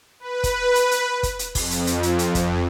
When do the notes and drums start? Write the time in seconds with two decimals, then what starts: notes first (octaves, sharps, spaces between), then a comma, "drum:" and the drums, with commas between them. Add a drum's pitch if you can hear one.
0.20 B4
0.44 drum: kick, hi-hat
0.75 drum: hi-hat
0.91 drum: hi-hat
1.23 drum: kick, hi-hat
1.39 drum: hi-hat
1.55 F2, drum: kick, open hi-hat
1.71 drum: hi-hat
1.87 drum: hi-hat
2.03 drum: hi-hat
2.19 drum: hi-hat
2.35 drum: kick, hi-hat